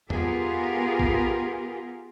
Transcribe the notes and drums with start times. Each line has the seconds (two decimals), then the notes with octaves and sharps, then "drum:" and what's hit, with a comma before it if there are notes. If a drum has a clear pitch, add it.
0.10 B3 F4 G4 G#4 A#4, drum: tom E2
0.99 drum: kick